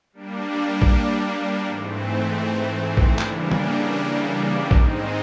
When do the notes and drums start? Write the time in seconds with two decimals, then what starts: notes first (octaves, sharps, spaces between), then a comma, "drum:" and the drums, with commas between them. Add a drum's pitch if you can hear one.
0.13 G3 A#3 D4
0.82 drum: kick A#1
1.66 G#2 E3 A3 C4
2.97 drum: kick A#1
3.18 C#3 E3 G3 A#3 D4, drum: clap
3.52 drum: tom D#3
4.71 G#2 D#3 G#3 C4 D#4, drum: kick A#1